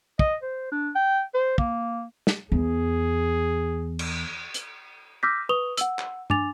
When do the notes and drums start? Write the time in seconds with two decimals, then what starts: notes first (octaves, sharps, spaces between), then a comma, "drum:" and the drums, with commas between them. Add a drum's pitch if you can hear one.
0.19 D#5, drum: kick
0.43 C5
0.72 D4
0.96 G5
1.34 C5
1.58 A#3, drum: kick
2.27 drum: snare
2.52 E2 G#4
3.99 drum: cymbal
4.54 drum: hi-hat
5.23 D6 E6 F6 G6 A#6 B6
5.49 B4 C#6 D#6 F7 G7
5.77 F#5 E6, drum: hi-hat
5.99 drum: clap
6.30 D4 G#5 D6 A6 F7, drum: tom